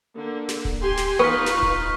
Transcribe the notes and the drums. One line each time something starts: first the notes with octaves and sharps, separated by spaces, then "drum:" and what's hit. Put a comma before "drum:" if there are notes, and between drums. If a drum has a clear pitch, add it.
D3 A#3
drum: snare
drum: kick D1
G4 G#5 C6
drum: snare
B3 D#4 F4 B4 C#6 F6 B6
drum: snare
drum: kick D1